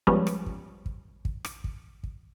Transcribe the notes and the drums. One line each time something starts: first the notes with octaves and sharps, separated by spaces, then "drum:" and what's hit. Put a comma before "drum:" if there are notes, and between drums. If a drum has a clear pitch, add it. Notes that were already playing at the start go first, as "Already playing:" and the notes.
F3 G3 G#3 B3 C#4, drum: kick
drum: rim click
drum: kick
drum: kick
drum: kick
drum: rim click
drum: kick
drum: kick